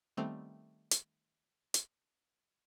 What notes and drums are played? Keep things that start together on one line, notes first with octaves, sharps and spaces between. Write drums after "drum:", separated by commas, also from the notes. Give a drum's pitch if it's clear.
D#3 G3 A3 B3 C4
drum: hi-hat
drum: hi-hat